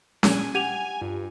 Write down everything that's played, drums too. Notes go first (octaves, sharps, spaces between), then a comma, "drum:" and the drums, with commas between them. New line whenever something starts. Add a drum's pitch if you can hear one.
A#2 D4 G#5, drum: snare C#4
G4 F#5 G#5 G#6 D#7 F7
G2 F4